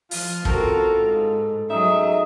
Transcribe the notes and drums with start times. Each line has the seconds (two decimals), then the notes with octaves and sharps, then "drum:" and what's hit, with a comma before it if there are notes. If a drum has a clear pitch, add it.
0.11 F3 F4, drum: open hi-hat
0.45 C4 F#4 A4 A#4, drum: kick
0.99 G#2
1.70 F#3 D#4 G#4 E5